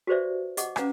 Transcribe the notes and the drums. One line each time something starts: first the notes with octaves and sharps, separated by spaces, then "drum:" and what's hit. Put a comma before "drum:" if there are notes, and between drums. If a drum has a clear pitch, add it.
F#4 G4 B4 C5 D5 E5
G4 D#5 F#5 D6, drum: hi-hat
C#4 B4 F5 F#5 A#5 D6, drum: rim click